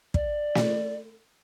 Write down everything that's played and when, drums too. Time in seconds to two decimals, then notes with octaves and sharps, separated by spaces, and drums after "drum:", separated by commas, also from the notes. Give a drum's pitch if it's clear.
0.14 D5, drum: kick
0.55 drum: snare